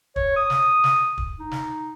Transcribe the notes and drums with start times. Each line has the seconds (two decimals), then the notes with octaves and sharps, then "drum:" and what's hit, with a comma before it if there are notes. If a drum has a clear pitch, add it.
0.16 C#5, drum: kick
0.36 D#6
0.50 drum: snare
0.84 drum: snare
1.18 drum: kick
1.39 D#4
1.51 drum: snare